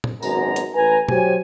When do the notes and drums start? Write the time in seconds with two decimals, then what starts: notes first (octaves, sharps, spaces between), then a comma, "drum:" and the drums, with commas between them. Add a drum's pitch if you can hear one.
0.04 drum: tom A#2
0.22 G#1 F#2 B2 G#3 A#5, drum: tambourine
0.56 drum: hi-hat
0.74 A1 B4 G#5 A#5
1.09 F#3 G4 C5 G#5, drum: tom B2